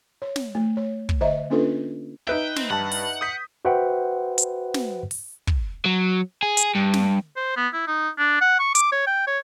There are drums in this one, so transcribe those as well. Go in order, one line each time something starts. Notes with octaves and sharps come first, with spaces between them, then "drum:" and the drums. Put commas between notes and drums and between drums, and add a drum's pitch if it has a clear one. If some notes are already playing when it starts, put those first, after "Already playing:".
C#5
drum: snare
A3
C#5
drum: kick
D3 C5 D#5 E5 A#5
A#3 C#4 D4 F4 A4 B4
D#4 B4 E5 G5
C4, drum: snare
G2 F#5 A5
drum: open hi-hat
D#6 G6 B6
F#4 B4 C5 E5 F#5 G5
drum: hi-hat
drum: snare
drum: open hi-hat
drum: kick
F#3
G#4
drum: hi-hat
G2
drum: snare
C5
B3
E4
D#4
D4
F#5
C#6
D6, drum: hi-hat
C#5
G5
C#5